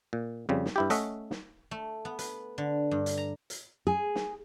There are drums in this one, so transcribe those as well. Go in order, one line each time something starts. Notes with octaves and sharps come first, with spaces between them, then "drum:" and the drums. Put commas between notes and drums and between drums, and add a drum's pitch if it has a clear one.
A#2
F2 C#3 G3
drum: snare
G2 E4 G4
A3 C#4 D#5 E5 F#5, drum: hi-hat
drum: snare
A3
B3
B4, drum: hi-hat
D3
G2
drum: hi-hat
A#5
drum: hi-hat
G#4
drum: snare